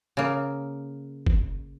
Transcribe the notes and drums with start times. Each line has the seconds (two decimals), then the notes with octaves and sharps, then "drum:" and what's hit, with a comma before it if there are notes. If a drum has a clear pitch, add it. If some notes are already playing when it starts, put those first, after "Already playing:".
0.17 C#3 A#3
1.26 drum: kick G1